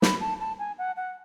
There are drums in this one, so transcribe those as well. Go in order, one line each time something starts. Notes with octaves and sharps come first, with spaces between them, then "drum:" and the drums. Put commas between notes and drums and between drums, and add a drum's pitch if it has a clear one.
B5, drum: snare
A5
A5
G#5
F#5
F#5